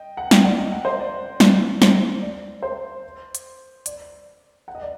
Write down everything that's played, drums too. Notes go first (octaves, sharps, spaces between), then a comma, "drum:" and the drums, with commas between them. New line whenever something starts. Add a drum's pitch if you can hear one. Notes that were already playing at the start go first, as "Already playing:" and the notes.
Already playing: D#5 G5
F#5
G5, drum: snare
D5 F#5
D#5
F#5
C5 D#5
D5
D5, drum: snare
C5, drum: snare
D5
C5
drum: hi-hat
D5, drum: hi-hat
F#5
D#5
D5